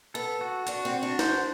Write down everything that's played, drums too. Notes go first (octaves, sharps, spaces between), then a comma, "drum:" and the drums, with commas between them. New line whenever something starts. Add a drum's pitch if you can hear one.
B3 A4
F#4
D4 F#4, drum: hi-hat
C4
F#4
D4
C5, drum: snare